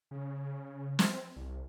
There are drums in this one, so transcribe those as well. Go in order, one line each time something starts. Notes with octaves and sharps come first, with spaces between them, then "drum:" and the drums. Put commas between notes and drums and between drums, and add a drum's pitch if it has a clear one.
C#3
C4, drum: snare
C2